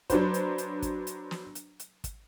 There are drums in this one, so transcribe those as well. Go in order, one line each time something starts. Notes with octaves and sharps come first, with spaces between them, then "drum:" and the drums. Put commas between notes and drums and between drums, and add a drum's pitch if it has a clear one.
F#3 D4 B4 C5, drum: kick, hi-hat
drum: hi-hat
drum: hi-hat
drum: kick, hi-hat
drum: hi-hat
drum: snare
drum: hi-hat
drum: hi-hat
drum: kick, hi-hat